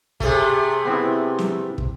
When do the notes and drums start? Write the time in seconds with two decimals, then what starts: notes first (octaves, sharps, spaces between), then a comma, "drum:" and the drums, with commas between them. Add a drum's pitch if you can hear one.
0.20 C3 A3 G#4, drum: kick
0.85 B3 C4 E4
1.38 drum: snare
1.78 drum: kick